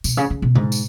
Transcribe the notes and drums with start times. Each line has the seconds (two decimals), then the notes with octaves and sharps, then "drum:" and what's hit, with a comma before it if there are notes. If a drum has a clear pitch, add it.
0.04 B2, drum: tambourine
0.17 C#3
0.30 C#3
0.42 B2
0.55 G#2, drum: tom B2
0.72 drum: tambourine